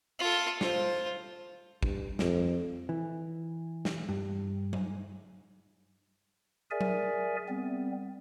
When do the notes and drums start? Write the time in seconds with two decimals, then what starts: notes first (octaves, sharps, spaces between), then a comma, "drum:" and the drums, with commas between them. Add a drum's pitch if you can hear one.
0.19 F4 A4
0.61 F4 C5, drum: snare
1.83 G2, drum: kick
2.19 F2, drum: snare
2.89 E3
3.85 drum: snare
4.09 G2
4.73 drum: tom F#3
6.71 G#4 A#4 D5 E5 G#5
6.81 drum: tom F#3
7.48 G3 B3 C4